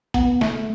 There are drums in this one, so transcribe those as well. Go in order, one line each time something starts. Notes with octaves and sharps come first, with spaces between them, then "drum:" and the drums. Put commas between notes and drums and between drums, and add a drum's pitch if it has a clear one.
B3, drum: kick G#1, hi-hat
A3, drum: snare